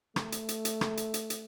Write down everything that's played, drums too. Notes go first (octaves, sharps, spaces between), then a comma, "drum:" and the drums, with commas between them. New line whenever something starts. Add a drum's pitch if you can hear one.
A3, drum: rim click
drum: hi-hat
drum: hi-hat
drum: hi-hat
drum: rim click
drum: hi-hat
drum: hi-hat
drum: hi-hat